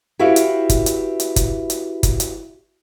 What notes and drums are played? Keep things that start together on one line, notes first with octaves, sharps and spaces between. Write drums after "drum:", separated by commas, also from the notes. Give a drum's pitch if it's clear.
E4 F#4 G4 B4 E5 F5
drum: hi-hat
drum: kick, hi-hat
drum: hi-hat
drum: hi-hat
drum: kick, hi-hat
drum: hi-hat
drum: kick, hi-hat
drum: hi-hat